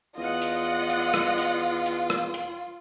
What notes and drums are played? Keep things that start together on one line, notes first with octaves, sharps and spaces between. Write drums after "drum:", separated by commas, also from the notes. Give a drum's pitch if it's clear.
E2 F4 D#5 F#5
drum: hi-hat
drum: hi-hat
drum: rim click
drum: hi-hat
drum: hi-hat
drum: rim click
drum: hi-hat